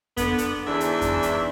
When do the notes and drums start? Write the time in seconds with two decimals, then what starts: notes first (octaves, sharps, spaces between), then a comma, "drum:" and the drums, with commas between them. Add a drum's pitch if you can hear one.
0.17 D3 B3, drum: kick F2, hi-hat
0.38 drum: hi-hat
0.65 E2 G#2 E3 D4 E5
0.80 drum: hi-hat
1.01 drum: kick F2, hi-hat
1.23 drum: hi-hat